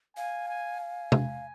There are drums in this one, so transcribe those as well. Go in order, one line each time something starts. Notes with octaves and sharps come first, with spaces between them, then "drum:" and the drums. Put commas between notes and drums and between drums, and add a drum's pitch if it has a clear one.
F5 G#5
G#5
G#5
drum: tom C3